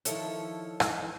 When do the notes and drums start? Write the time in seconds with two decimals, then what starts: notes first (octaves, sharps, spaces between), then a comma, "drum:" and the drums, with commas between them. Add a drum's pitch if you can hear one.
0.05 D#3 F3 E4 A4 C#5, drum: hi-hat
0.80 E3 D#4, drum: rim click